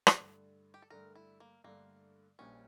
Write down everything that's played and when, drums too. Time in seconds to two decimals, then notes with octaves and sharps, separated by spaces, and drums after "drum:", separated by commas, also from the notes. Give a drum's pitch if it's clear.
0.07 drum: rim click
0.16 G2 D3 A3
0.74 G4
0.82 A4
0.90 G2 D3 A3 A#4
1.15 E4
1.40 A#3
1.64 G2 D3 A3 A#3
2.39 A#1 A#2 G3 A#3 C#4 D4